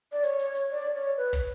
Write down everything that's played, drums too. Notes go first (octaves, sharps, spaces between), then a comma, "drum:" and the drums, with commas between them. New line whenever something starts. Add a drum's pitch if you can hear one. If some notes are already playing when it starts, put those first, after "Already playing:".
D5
C#5, drum: hi-hat
drum: hi-hat
drum: hi-hat
D5
C#5
B4
drum: kick, hi-hat